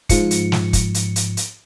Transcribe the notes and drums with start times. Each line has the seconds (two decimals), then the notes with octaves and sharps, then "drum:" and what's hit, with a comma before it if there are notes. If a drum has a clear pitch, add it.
0.09 G#2 F3 C#7, drum: kick, hi-hat
0.31 drum: hi-hat
0.52 drum: snare
0.73 drum: kick, hi-hat
0.94 drum: hi-hat
1.16 drum: hi-hat
1.37 drum: hi-hat